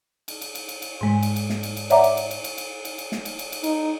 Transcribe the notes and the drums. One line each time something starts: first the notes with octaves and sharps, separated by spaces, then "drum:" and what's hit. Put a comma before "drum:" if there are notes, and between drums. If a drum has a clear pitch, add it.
drum: cymbal
drum: cymbal
drum: cymbal
drum: cymbal
drum: cymbal
G#2 G#3
drum: cymbal
drum: cymbal
drum: snare
drum: cymbal
drum: cymbal
C#5 D5 E5 F#5 A#5 D6, drum: cymbal
drum: cymbal
drum: cymbal
drum: cymbal
drum: cymbal
drum: cymbal
drum: cymbal
drum: cymbal
drum: snare
drum: cymbal
drum: cymbal
drum: cymbal
D#4, drum: cymbal